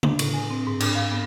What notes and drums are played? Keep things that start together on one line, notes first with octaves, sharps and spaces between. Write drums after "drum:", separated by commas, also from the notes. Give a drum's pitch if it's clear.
D4, drum: tom C#3
A2, drum: cymbal
G#5
C4
G#2
D4, drum: cymbal
F5
B3